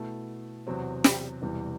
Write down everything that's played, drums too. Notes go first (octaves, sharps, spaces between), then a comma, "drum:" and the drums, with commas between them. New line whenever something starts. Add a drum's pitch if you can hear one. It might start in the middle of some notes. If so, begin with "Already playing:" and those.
Already playing: B2 A3 E4
E2 C3 F#3 C4
drum: snare
E1 E2 C3 E3 G3